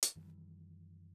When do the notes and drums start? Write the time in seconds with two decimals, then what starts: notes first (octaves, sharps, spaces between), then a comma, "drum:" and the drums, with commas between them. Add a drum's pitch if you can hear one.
0.03 drum: hi-hat
0.16 F#2 D#3 E3 G3